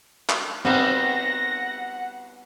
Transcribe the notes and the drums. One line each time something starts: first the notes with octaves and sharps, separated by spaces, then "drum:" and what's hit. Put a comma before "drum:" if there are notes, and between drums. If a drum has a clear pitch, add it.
drum: clap
G3 B3 C4 D#4 F#5 A#6, drum: cymbal